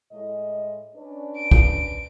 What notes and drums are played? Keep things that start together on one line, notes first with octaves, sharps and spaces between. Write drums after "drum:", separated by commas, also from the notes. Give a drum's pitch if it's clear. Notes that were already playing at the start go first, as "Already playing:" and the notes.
A2 G#3 D#5
C#4 D4 B4
D7
drum: kick